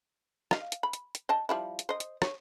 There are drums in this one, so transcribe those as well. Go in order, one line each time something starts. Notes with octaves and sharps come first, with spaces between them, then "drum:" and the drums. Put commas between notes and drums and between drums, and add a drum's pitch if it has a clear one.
D#5 F5, drum: rim click
drum: hi-hat
B5
drum: hi-hat
drum: hi-hat
D#5 G5 A5
F3 G3 E4
drum: hi-hat
C5 D#5
drum: hi-hat
C#5, drum: rim click